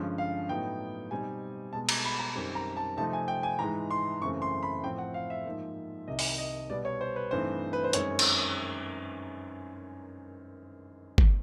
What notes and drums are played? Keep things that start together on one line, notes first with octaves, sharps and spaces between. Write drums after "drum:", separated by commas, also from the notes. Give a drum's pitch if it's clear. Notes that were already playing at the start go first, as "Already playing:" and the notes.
Already playing: G2 D3 F3 G#3 C#4
F5
A2 F#3 B3 D#4 G5
B2 G3 C4 D#4 G#5
B2 G#3 B3 A5
A#5, drum: cymbal
B5
A#5
F#2 D#3 G3 C4
A#5
A5
C3 F3 A3 C4 D#4 A5
G#5
G5
G#5
G#2 E3 G#3 A#5
C6
F#2 C#3 E3 A3 C4 C#6
C6
B5
A2 F3 A3 C4 G5
F#5
F5
E5
G#2 F3 A#3
C2 C3 D#3 D#5
drum: open hi-hat
D#5
B2 G3 B3 D5
C#5
C5
B4
G2 E3 A3 C4 D#4 C5
B4
C5
F#2 D#3 G#3 C4 C#5, drum: hi-hat
drum: cymbal
drum: kick